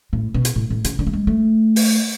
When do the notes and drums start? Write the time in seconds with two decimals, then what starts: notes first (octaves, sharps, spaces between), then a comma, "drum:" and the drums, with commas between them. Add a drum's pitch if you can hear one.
0.13 A2
0.34 B2
0.45 drum: hi-hat
0.56 A2
0.70 A2
0.84 C#3, drum: hi-hat
0.99 D3
1.07 A3
1.13 G#3
1.27 A3
1.76 drum: open hi-hat